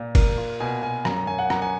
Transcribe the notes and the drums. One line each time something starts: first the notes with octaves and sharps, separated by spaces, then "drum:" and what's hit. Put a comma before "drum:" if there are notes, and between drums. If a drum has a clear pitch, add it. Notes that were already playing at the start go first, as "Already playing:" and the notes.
Already playing: A#2
A#3, drum: kick, cymbal
F4
B2 G#5
B2 G#5
F#2 A#5, drum: rim click
A#5
F#2 G#5
F#5
F#2 A#5, drum: rim click
G#5